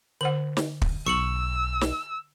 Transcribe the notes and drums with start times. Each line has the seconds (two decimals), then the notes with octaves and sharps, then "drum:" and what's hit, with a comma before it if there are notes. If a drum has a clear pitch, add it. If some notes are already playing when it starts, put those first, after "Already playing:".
0.21 D3 C5 F#5 F#7
0.57 drum: snare
0.82 drum: kick
1.07 B1 C#6 E6 C#7 F#7
1.81 drum: snare